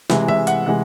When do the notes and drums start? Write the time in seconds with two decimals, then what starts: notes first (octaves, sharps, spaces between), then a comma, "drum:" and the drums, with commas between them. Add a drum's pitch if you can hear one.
0.10 C3 E3 G#3 E5, drum: snare
0.28 E5, drum: tom C3
0.47 F#5, drum: hi-hat
0.66 C3 E3 G#3 F#5